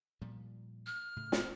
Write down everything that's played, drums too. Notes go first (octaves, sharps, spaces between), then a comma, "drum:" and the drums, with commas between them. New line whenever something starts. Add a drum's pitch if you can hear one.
A#2 F3 G3
F6
A2 C#3
drum: snare